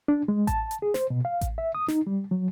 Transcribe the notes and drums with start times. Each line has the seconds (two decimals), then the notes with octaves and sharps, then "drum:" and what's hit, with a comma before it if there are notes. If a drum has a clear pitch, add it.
0.08 D4
0.28 G#3
0.47 A5, drum: kick A1, hi-hat
0.71 drum: hi-hat
0.82 G#4
0.94 C5, drum: snare
1.10 B2
1.25 F5
1.41 drum: kick A1, hi-hat
1.58 E5
1.75 D#6
1.88 D#4, drum: snare
2.07 G3
2.31 F#3